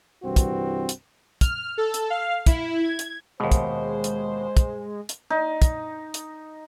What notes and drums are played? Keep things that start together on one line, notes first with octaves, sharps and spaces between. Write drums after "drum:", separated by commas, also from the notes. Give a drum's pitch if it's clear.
C2 G2 E3 C4 F#4
drum: kick, hi-hat
drum: hi-hat
F6, drum: kick, hi-hat
A4
drum: hi-hat
F5
E4, drum: kick, hi-hat
G#6
drum: hi-hat
D#2 B2 G#3 C5
drum: kick, hi-hat
drum: hi-hat
drum: kick, hi-hat
drum: hi-hat
D#4
drum: kick, hi-hat
drum: hi-hat